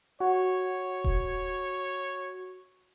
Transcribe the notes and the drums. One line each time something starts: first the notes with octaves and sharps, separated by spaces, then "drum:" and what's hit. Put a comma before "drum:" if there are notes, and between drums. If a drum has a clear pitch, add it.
F#4 C#5
drum: kick D#1